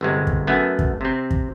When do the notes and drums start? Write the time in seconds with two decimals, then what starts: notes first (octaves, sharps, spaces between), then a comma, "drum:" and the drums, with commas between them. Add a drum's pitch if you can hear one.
0.01 G1 C3 G#3
0.27 drum: kick
0.47 F#2 A3 B3 G#5
0.79 drum: kick
1.01 C3 C4
1.31 drum: kick